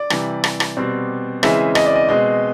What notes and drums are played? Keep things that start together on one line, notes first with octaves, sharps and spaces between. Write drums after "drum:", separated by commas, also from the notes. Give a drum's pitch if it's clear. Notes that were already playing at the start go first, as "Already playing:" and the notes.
Already playing: D5
C3 E3 G3, drum: rim click
drum: rim click
drum: rim click
B2 G3 C4
C#3 E3 G#3 C4 E5, drum: rim click
D#5, drum: rim click
D5
D#5
B2 G#3 C4 D#5